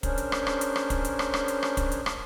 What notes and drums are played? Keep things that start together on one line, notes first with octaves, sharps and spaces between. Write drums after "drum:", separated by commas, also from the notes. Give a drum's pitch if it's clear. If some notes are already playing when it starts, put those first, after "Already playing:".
C#4 D4 G#4 A#4 C5 C#5, drum: kick, hi-hat
drum: hi-hat
drum: rim click
drum: rim click
drum: hi-hat
drum: rim click
drum: kick, hi-hat
drum: hi-hat
drum: rim click
drum: rim click
drum: hi-hat
drum: rim click
drum: kick, hi-hat
drum: hi-hat
drum: rim click